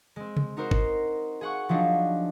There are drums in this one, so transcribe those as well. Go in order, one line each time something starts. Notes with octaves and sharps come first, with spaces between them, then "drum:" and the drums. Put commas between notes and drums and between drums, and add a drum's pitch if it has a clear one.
G#3 C4
drum: tom
D#4 F#4 A#4 C5
drum: kick
G#4 F#5 C#6
F3 F#3 D4 D#4